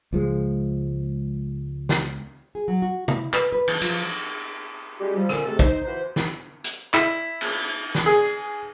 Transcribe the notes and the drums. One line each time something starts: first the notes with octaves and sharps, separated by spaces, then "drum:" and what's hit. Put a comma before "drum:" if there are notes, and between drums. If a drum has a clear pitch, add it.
C#2 F3 G#3
drum: snare
G#4
F#3
F#4
E4, drum: tom
B4, drum: clap
B4
E3, drum: cymbal
F3, drum: cymbal
G3 G#3 C#4 F#4 G4
F3 G3
A#2 D3 C#4, drum: rim click
C3 G#3 A3 G4 A4
D#4 C5, drum: kick
E3 F#4 B4 C5
drum: snare
drum: hi-hat
E4, drum: clap
drum: cymbal
drum: snare
G#4